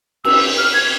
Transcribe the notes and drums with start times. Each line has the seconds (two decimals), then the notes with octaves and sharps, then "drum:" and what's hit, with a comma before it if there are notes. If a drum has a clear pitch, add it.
0.24 E6, drum: cymbal
0.58 F6
0.74 G#6